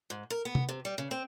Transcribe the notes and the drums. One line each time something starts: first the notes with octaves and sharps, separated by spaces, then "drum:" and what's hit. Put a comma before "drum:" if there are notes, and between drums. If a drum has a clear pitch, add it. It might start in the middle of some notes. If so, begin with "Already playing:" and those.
G#2
A#4
B3
drum: tom
C3
G3
C#3
C4